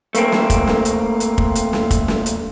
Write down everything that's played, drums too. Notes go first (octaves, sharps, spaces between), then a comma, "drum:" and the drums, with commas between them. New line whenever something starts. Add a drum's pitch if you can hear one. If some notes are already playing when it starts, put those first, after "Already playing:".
A3 A#3 C4, drum: hi-hat
drum: snare
drum: kick, hi-hat
drum: snare
drum: hi-hat
drum: hi-hat
drum: kick
drum: hi-hat
drum: snare
drum: kick, hi-hat
drum: snare
drum: hi-hat